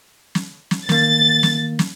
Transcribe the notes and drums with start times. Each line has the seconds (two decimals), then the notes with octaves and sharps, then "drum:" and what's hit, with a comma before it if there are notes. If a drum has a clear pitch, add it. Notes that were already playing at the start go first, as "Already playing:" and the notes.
0.35 drum: snare
0.71 drum: snare
0.89 D#3 A#3 A6, drum: snare
1.43 drum: snare
1.79 drum: snare